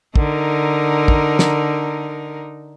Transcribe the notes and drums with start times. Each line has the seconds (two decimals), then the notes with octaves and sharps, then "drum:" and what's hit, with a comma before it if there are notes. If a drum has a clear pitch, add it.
0.16 D3 D#4 A#4, drum: kick
1.08 drum: kick
1.39 drum: snare